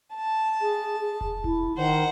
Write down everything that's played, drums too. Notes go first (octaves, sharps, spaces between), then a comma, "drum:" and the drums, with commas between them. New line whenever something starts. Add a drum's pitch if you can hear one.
A5
G#4
G#4
drum: kick E1
E4, drum: kick E1
D#3 C5 F#5